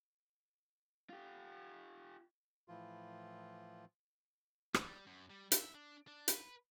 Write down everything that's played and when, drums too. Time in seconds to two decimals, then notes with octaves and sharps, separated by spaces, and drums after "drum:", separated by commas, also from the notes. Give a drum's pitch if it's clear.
1.10 F4 G4
2.68 A2 E3 F3 F4
4.74 G3, drum: rim click
5.07 F#2
5.30 G3
5.52 E5, drum: hi-hat
5.75 D4
6.08 D4
6.28 B4, drum: hi-hat